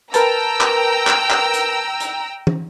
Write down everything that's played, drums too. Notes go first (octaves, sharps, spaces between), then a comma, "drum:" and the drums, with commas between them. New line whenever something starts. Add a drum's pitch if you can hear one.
A#4 B4 G5 A5 A#5 E6, drum: hi-hat
drum: clap
drum: clap
drum: clap
drum: hi-hat
drum: hi-hat
drum: tom